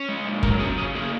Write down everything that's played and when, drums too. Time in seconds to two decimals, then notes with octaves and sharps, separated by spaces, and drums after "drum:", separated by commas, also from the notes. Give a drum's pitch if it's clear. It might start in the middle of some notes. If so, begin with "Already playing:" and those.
Already playing: C#4
0.09 G#3
0.26 A#2
0.43 F#3 A#4, drum: kick
0.60 C#4 G#4
0.77 C#3 G#4
0.95 A#3 G#4